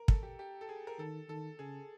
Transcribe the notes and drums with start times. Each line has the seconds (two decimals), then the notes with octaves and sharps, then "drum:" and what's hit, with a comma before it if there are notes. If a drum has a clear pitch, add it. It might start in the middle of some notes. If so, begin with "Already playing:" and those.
Already playing: A#4
0.08 A4, drum: kick
0.23 G4
0.39 G4
0.61 A4
0.69 G#4
0.87 A#4
0.99 D#3 A4
1.29 D#3 A4
1.59 C#3 G#4